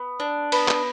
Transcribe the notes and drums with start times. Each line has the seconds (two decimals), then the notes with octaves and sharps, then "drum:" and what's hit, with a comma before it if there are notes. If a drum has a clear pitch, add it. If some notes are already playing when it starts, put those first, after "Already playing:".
Already playing: B3
0.20 D4
0.52 B3, drum: cymbal
0.68 drum: clap